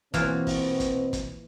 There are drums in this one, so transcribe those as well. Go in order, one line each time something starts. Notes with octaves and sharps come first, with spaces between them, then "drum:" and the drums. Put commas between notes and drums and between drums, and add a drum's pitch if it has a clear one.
B2 E3 A#3 C4 F4, drum: kick, hi-hat
drum: kick, open hi-hat
drum: kick, hi-hat
drum: kick, hi-hat